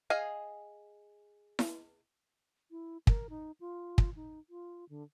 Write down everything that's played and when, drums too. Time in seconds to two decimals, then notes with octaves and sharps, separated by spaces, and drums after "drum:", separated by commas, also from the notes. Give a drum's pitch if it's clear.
0.10 G#4 D#5 F5 G#5
1.59 drum: snare E4
2.71 E4
3.07 A#4, drum: kick
3.30 D#4
3.60 F4
3.98 drum: kick
4.16 D#4
4.50 F4
4.89 D3